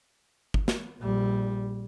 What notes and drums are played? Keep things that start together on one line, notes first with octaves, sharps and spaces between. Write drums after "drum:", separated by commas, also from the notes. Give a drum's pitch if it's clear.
drum: kick
drum: snare
A#1 G3